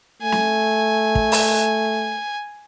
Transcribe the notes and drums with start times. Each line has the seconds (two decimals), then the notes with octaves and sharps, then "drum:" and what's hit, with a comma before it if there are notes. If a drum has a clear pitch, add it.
0.22 A3 G#5
0.32 drum: snare
1.15 drum: kick
1.32 drum: open hi-hat